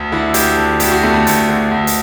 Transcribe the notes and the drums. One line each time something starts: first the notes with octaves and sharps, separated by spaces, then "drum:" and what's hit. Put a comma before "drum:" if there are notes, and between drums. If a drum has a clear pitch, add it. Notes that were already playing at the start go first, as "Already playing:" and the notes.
Already playing: D2
D3 E4
D2 G4, drum: hi-hat
D3
D2 G4, drum: hi-hat
F#4
D3 A3
A3
D2, drum: hi-hat
D3
D2
drum: hi-hat